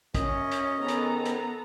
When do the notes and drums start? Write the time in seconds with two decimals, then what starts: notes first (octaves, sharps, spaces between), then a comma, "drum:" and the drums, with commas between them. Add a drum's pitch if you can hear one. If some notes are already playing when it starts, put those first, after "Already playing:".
0.14 F#2 C#4 D#5, drum: kick, hi-hat
0.51 drum: hi-hat
0.78 G#2 D#3 B3 A4 A#5
0.88 drum: hi-hat
1.25 drum: hi-hat